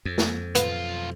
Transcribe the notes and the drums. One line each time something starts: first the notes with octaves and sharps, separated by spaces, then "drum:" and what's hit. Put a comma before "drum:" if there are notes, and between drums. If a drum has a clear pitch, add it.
F2
drum: snare
B1 B3 F4, drum: hi-hat